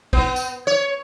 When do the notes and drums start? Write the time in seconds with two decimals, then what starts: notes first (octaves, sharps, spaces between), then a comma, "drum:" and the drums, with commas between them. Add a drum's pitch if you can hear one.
0.13 B3, drum: kick
0.36 drum: tambourine
0.67 C#5